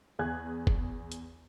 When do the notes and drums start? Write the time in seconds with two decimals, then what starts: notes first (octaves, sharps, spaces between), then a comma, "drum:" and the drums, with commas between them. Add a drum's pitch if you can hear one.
0.19 E2 G#4 G#5 F#6 G#6
0.67 drum: kick
1.12 drum: hi-hat